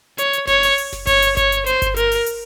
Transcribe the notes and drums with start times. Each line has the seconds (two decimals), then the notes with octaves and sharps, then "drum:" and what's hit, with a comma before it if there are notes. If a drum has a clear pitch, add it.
0.18 C#5, drum: hi-hat
0.33 drum: hi-hat
0.47 C#5, drum: snare F#1
0.63 drum: open hi-hat
0.78 drum: open hi-hat
0.93 drum: snare F#1
1.07 C#5, drum: kick G1, open hi-hat
1.22 drum: hi-hat
1.37 C#5, drum: kick G1, hi-hat
1.52 drum: hi-hat
1.66 C5, drum: hi-hat
1.82 drum: kick G1, hi-hat
1.96 A#4, drum: hi-hat
2.12 drum: open hi-hat
2.26 drum: hi-hat